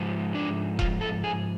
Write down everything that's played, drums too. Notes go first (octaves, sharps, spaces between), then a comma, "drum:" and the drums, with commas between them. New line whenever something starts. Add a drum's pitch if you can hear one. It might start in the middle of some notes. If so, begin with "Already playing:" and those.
Already playing: G#2 F3 G#3
D4
F4, drum: kick E1
A4
G#4